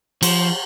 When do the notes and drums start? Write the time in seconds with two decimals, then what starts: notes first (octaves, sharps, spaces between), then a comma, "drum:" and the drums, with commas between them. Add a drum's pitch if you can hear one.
0.23 F3, drum: cymbal